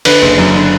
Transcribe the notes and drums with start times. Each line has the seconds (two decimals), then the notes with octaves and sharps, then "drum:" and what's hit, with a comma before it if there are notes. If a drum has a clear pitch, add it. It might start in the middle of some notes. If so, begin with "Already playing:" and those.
0.05 D3 B4, drum: cymbal
0.22 F#1
0.38 F#2
0.55 D3